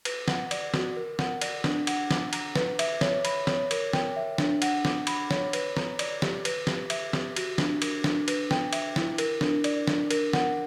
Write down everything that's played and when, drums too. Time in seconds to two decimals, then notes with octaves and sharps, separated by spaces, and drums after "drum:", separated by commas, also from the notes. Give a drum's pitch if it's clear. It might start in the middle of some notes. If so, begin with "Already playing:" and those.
0.05 B4, drum: cymbal
0.28 F#5, drum: snare
0.51 D5, drum: cymbal
0.74 F#4, drum: snare
0.96 A#4
1.19 F#5, drum: snare
1.41 D5, drum: cymbal
1.64 D4, drum: snare
1.87 F#5, drum: cymbal
2.11 D6, drum: snare
2.33 A#5, drum: cymbal
2.56 B4, drum: snare
2.79 E5, drum: cymbal
3.01 C#5, drum: snare
3.25 B5, drum: cymbal
3.47 C#5, drum: snare
3.71 A#4, drum: cymbal
3.93 G5, drum: snare
4.16 E5
4.38 D4, drum: snare
4.62 F#5, drum: cymbal
4.85 D6, drum: snare
5.07 B5, drum: cymbal
5.31 C#5, drum: snare
5.53 B4, drum: cymbal
5.77 A#5, drum: snare
5.99 D5, drum: cymbal
6.22 G4, drum: snare
6.45 B4, drum: cymbal
6.67 G4, drum: snare
6.90 E5, drum: cymbal
7.13 G4, drum: snare
7.36 F#4, drum: cymbal
7.58 D4, drum: snare
7.82 A#4, drum: cymbal
8.04 D4, drum: snare
8.28 B4, drum: cymbal
8.51 G5, drum: snare
8.73 E5, drum: cymbal
8.96 E4, drum: snare
9.18 A#4, drum: cymbal
9.41 D4, drum: snare
9.64 D5, drum: cymbal
9.87 D4, drum: snare
10.11 A#4, drum: cymbal
10.33 F#5, drum: snare